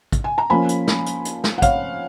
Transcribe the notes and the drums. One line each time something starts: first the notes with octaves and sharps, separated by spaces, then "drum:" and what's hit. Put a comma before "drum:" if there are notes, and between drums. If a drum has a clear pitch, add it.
drum: kick, hi-hat
G#5
A#5
F3 A#3 C#4 G#5 B5
drum: hi-hat
drum: snare
drum: hi-hat
drum: hi-hat
drum: snare
F#5
C#5 F5, drum: kick, hi-hat